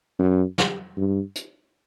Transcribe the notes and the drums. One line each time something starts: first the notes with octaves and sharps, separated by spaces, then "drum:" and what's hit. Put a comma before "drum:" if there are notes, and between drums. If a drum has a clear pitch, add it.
F#2
drum: snare
G2
drum: hi-hat